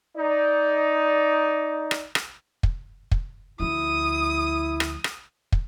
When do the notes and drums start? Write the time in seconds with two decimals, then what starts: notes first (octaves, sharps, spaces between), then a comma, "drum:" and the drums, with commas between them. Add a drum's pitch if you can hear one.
0.16 D#4 D5
1.91 drum: rim click
2.15 drum: rim click
2.63 drum: kick
3.11 drum: kick
3.60 D2 F3 E4 D#6
4.80 drum: rim click
5.04 drum: rim click
5.52 drum: kick